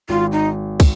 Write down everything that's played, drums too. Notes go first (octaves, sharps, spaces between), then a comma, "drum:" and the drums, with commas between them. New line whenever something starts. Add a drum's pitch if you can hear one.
G#1 F4
D#4
drum: kick, cymbal